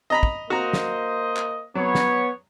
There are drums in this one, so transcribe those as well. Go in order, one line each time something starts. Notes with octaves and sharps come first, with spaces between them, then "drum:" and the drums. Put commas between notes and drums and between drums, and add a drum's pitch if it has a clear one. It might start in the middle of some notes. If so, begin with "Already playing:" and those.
D#5 A#5 B5
drum: kick
A#3 F#4 C5 D#5 A#5
drum: snare
drum: clap
F#3 B3 C#5
drum: snare